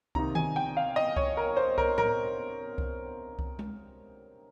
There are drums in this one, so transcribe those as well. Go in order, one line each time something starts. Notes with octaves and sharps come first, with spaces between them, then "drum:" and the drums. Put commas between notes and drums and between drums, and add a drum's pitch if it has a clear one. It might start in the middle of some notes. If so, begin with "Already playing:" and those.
C3 D#3 A#3 D#4 A#5, drum: kick C2
G#5, drum: tom D#3
G5
F5
D#5
C#5, drum: kick C2
A#4
C5
A#4, drum: kick C2
A#4, drum: tom A2
drum: kick C2
drum: kick C2
drum: tom G#3